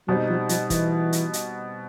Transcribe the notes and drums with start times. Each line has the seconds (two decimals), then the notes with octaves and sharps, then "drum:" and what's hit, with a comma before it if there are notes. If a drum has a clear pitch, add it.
0.08 B2 F#3 G3 C4 D#4
0.29 F3
0.49 F3, drum: hi-hat
0.70 E3, drum: kick, hi-hat
1.13 drum: hi-hat
1.33 drum: hi-hat